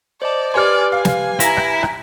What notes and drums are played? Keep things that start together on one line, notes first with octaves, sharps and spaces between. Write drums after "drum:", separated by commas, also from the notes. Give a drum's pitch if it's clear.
C5 D5 D#5 A5
G4 B4 D5 G#5 C6 F6
F5 G#5
drum: snare
E4 A#5 A#6, drum: hi-hat
drum: rim click
drum: rim click